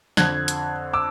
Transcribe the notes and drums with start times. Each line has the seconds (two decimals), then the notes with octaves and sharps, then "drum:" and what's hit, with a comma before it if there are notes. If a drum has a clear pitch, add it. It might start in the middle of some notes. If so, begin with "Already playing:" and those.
0.17 F2 D3 F#6 G#6, drum: snare
0.48 drum: hi-hat
0.93 D6 E6